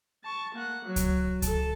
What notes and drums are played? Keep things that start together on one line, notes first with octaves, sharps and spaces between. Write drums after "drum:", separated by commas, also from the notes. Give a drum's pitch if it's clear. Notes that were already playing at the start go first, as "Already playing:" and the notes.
A5 C#6
A#3 F#5
F#3
drum: kick C#2, hi-hat
A4 A5, drum: kick C#2, hi-hat